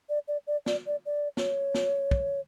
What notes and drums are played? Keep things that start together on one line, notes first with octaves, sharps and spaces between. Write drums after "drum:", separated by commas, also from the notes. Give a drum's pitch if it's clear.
D5
D5
D5
D5, drum: snare
D5
D5
C#5, drum: snare
drum: snare
drum: kick